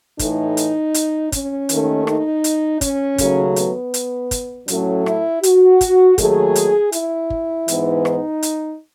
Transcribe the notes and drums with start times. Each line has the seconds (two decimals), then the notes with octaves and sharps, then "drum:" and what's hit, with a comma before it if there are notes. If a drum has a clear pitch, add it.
0.19 A2 E3 A3 D#4, drum: kick, hi-hat
0.57 drum: hi-hat
0.94 drum: hi-hat
1.32 C#4, drum: kick, hi-hat
1.69 D#2 D#3 A3, drum: hi-hat
2.07 D#4, drum: rim click
2.44 drum: hi-hat
2.81 C#4, drum: kick, hi-hat
3.18 D#2 C#3 F#3 A3, drum: kick, hi-hat
3.56 B3, drum: hi-hat
3.94 drum: hi-hat
4.31 drum: kick, hi-hat
4.68 A2 F#3 A3 C#4, drum: hi-hat
5.06 E4, drum: rim click
5.43 F#4, drum: hi-hat
5.81 drum: kick, hi-hat
6.18 D#2 D#3 F#3 A3 G#4, drum: kick, hi-hat
6.55 drum: hi-hat
6.92 E4, drum: hi-hat
7.30 drum: kick
7.68 G#2 E3 B3, drum: hi-hat
8.05 D#4, drum: rim click
8.43 drum: hi-hat